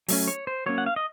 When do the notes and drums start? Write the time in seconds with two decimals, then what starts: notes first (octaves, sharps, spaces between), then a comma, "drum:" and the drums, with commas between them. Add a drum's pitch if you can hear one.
0.08 F#3 A3 C#4, drum: open hi-hat
0.28 C#5
0.47 C5
0.66 F#3 A#3 C#4 C#5
0.78 F#5
0.86 F5
0.96 D#5